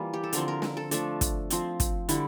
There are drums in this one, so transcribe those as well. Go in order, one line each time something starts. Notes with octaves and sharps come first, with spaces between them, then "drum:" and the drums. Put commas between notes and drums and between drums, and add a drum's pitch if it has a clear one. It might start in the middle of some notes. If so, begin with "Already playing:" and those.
Already playing: E3 G3 A#3 F4
G4
A4
D3 F3 C4 A#4, drum: hi-hat
A#4
A#4, drum: snare
A4
F3 A3 D4 A4, drum: hi-hat
drum: kick, hi-hat
F3 C4, drum: hi-hat
drum: kick, hi-hat
D3 G3 E4, drum: hi-hat